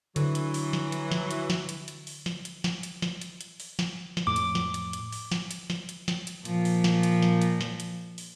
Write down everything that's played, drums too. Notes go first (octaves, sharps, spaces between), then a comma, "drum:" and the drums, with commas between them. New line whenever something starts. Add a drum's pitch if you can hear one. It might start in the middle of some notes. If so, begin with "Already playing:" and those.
D3 E3 F#3, drum: hi-hat
drum: hi-hat
drum: open hi-hat
drum: snare
drum: hi-hat
drum: snare
drum: hi-hat
drum: snare
drum: hi-hat
drum: hi-hat
drum: open hi-hat
drum: snare
drum: hi-hat
drum: snare
drum: hi-hat
drum: snare
drum: hi-hat
drum: hi-hat
drum: open hi-hat
drum: snare
drum: snare
F2 A2 D6
drum: hi-hat
drum: snare
drum: hi-hat
drum: hi-hat
drum: open hi-hat
drum: snare
drum: hi-hat
drum: snare
drum: hi-hat
drum: snare
drum: hi-hat
A#2 F3, drum: hi-hat
drum: open hi-hat
drum: snare
drum: hi-hat
drum: snare
drum: hi-hat
drum: snare
drum: hi-hat
drum: open hi-hat